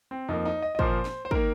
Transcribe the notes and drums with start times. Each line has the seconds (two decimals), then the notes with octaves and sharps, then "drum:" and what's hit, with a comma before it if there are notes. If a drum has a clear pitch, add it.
0.11 C4
0.29 F2 F3 A#3 D#4
0.45 D#4
0.62 D#5
0.75 D#5
0.79 A#2 F3 A#3 C5, drum: kick
1.05 drum: snare
1.25 C5
1.31 D#3 A#3 A#4, drum: kick